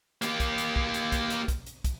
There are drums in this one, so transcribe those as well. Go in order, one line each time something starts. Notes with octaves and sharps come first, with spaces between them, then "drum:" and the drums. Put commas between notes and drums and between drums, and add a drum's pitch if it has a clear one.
A#3 G4, drum: hi-hat
drum: kick, hi-hat
drum: hi-hat
drum: kick
drum: hi-hat
drum: kick, hi-hat
drum: hi-hat
drum: kick, hi-hat
drum: hi-hat
drum: kick, hi-hat